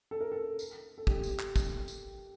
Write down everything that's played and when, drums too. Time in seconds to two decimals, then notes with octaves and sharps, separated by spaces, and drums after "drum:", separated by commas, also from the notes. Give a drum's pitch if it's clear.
0.11 A4
0.21 A#4
0.32 A4
0.59 drum: tambourine
0.98 A4
1.07 G4, drum: kick
1.23 drum: tambourine
1.40 drum: clap
1.56 drum: kick, tambourine
1.88 drum: tambourine